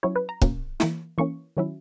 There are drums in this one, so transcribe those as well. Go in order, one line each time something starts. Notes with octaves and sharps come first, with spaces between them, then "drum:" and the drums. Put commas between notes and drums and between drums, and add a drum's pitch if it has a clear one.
F#3 C#4 E4 C#5
B4
A#5
B2 A#3 C#4, drum: kick
E3 A#3 E4, drum: snare
E3 A#3 C#4 C#6
D#3 F#3 C#4 E4